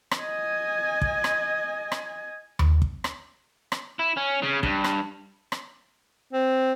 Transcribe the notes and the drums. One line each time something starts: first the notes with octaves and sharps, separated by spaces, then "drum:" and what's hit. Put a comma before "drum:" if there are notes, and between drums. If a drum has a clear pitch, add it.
drum: rim click
D#5 G#5
drum: kick
drum: rim click
drum: rim click
drum: tom D#2
drum: kick
drum: rim click
drum: rim click
E4
C#4
C#3
G2, drum: kick
drum: rim click
drum: rim click
C4